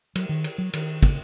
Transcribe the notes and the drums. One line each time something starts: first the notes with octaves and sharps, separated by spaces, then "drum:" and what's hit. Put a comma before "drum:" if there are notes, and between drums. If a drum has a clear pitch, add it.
F#3, drum: cymbal
D#3
drum: cymbal
F#3
D#3, drum: cymbal
C#3, drum: kick, cymbal